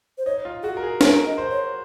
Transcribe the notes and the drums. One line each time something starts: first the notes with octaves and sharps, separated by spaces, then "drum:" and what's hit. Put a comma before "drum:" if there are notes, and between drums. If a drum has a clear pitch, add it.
C5
D#4 C#5
F4
F#4 G#4
A#4
G#4
A#4 C#5, drum: snare
D#5
C5
C#5